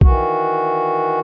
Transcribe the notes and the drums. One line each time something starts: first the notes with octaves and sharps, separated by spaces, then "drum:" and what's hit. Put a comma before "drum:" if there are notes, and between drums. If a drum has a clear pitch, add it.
D#3 E3 F#4, drum: kick A#1